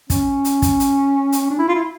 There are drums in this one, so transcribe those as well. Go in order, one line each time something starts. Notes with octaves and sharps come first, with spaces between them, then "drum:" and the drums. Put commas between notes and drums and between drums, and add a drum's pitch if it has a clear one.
C#4, drum: kick, hi-hat
drum: hi-hat
drum: kick, hi-hat
drum: hi-hat
drum: hi-hat
D4
E4
F4
E4